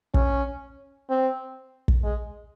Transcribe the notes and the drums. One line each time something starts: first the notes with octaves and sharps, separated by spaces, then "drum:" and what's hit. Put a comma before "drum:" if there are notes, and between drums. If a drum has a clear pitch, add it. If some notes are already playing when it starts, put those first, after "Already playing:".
C#4, drum: kick
C4
drum: kick
G#3